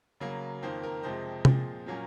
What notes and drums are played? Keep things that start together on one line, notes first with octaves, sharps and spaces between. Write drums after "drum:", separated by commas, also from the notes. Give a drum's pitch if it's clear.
C#3 F#3 A#3
F2 D#3 A#3 C5
A#4
F2 C3 F3 G#3 C5
A#2 F3 G#3 C4, drum: tom C3
A#2 F#3 A#3 C#4